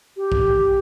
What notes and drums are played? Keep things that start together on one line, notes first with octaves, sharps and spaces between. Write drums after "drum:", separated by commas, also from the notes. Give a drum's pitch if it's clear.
G4
drum: kick